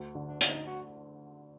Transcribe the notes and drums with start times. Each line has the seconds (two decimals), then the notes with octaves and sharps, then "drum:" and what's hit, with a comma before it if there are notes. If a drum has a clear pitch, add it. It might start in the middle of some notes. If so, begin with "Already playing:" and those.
Already playing: D2
0.15 D3
0.28 D4
0.41 D3 F#4, drum: hi-hat
0.47 D#4
0.67 F#4